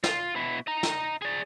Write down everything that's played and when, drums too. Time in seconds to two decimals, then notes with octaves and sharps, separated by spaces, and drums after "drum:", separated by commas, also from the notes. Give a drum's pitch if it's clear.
0.04 F4, drum: snare
0.36 B2 E4
0.67 D#5 A#5
0.83 drum: snare
1.22 G#4 D5